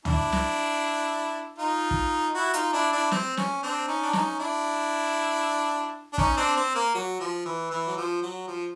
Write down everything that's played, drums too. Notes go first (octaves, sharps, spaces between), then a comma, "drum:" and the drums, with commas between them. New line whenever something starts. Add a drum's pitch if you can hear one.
D4 E4, drum: tom C#2
drum: snare
D#4 F4
drum: kick
E4 F#4
D#4 F4, drum: hi-hat
D4 E4
D4 E4
C4, drum: snare
C#4, drum: snare
C4 D4
C#4 D#4
D4
C#4 D#4, drum: snare
D4 E4
D4
C#4 D#4, drum: kick
C4 D4
C4
A#3
F#3
F3
E3
E3
F#3
F3
F#3
F3